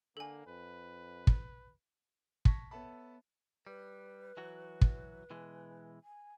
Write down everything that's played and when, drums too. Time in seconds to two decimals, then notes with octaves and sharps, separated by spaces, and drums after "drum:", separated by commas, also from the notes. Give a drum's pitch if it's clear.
0.17 D3 A#3 A4 G#5
0.47 F2 B4
1.27 drum: kick
2.45 A5 C#6 G#6 A#6 B6, drum: kick
2.71 B3 A4 C#5 E5 A5 B5
3.67 G3 B4
4.37 E3 F#3 F#4
4.81 drum: kick
5.30 B2 E3 G#3
6.04 G#5